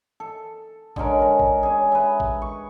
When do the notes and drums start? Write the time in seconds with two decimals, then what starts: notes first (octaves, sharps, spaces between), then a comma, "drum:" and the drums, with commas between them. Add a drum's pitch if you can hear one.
0.20 A4
0.96 D3 G#3 C#4 A#4, drum: kick A1
1.19 G#3 A#4
1.39 drum: kick A1
1.63 C#4 G#4
1.92 B4 E5
2.20 drum: kick A1
2.42 C#6